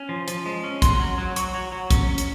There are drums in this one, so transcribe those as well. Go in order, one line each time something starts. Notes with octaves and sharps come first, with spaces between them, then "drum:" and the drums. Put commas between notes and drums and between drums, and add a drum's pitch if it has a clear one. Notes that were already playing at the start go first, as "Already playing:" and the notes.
Already playing: C#4
F3
F3, drum: hi-hat
G#3
C#4
F#3 C6, drum: kick, hi-hat
F#3
F#3
F#3 C#6, drum: hi-hat
F#3
F#3
C#4, drum: kick, hi-hat
C#4
drum: hi-hat